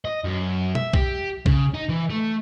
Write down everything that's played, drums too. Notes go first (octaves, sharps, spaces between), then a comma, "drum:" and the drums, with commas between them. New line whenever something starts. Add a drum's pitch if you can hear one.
D#5
F#2
E5, drum: tom B2
G4, drum: kick B1
C#3, drum: kick B1
D#4
E3
A3